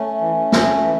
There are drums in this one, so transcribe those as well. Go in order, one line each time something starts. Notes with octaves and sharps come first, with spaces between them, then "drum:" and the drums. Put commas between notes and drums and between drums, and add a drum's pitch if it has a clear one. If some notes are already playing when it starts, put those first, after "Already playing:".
Already playing: A3 C#4
E3
C3, drum: snare
E3